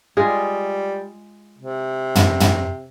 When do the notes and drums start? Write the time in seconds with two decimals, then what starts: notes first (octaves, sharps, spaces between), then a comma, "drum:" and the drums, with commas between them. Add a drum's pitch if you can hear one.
0.17 G3 G#3 F4 G#4
1.58 C3
2.15 drum: tom
2.40 drum: tom